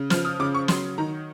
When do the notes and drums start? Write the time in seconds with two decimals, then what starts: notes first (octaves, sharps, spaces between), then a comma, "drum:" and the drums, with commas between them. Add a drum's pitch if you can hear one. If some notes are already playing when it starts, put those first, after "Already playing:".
Already playing: C#3
0.10 F3 F6, drum: snare
0.25 D#6
0.39 C#3 D6
0.54 C#6
0.68 F#3 C6, drum: snare
0.98 D#3 A#5